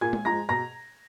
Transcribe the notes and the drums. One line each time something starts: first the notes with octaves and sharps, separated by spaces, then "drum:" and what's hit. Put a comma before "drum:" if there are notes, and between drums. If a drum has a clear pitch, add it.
A#2 G#5 G#6
drum: tom
F3 G#3 A#5 A#6
B2 A#5 A#6